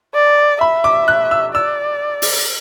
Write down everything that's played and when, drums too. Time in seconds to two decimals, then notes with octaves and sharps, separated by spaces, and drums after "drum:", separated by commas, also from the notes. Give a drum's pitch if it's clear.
0.14 D5
0.61 E5 B5
0.84 D6
1.08 F#6
1.31 E6
1.54 D5 E6
2.22 drum: open hi-hat